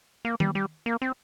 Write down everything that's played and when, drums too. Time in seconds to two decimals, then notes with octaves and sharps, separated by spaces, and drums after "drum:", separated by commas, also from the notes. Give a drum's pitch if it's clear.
0.25 A#3
0.40 G3, drum: tom D#3
0.55 G3
0.86 A#3
1.02 C4